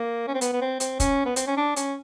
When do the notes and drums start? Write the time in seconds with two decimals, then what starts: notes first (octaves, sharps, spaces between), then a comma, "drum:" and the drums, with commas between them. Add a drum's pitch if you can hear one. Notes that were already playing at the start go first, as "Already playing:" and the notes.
Already playing: A#3
0.28 C#4
0.34 C4
0.41 B3, drum: hi-hat
0.53 B3
0.61 C4
0.80 C4, drum: hi-hat
1.00 C#4, drum: kick, hi-hat
1.26 B3
1.36 C4, drum: hi-hat
1.47 C#4
1.57 D4
1.76 C#4, drum: hi-hat